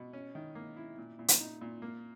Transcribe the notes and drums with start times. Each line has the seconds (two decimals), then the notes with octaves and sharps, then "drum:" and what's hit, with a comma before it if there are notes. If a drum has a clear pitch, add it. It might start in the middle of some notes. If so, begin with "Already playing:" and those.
Already playing: B2
0.13 C#4
0.35 D#3
0.55 A#3
0.76 E4
0.98 A#2
1.19 A#2
1.28 drum: hi-hat
1.40 D#4
1.61 A#2
1.82 A#3